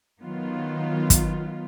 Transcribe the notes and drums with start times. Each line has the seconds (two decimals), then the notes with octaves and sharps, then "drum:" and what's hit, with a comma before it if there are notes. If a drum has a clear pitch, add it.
0.21 D#3 F#3 B3 F4
1.10 drum: kick, hi-hat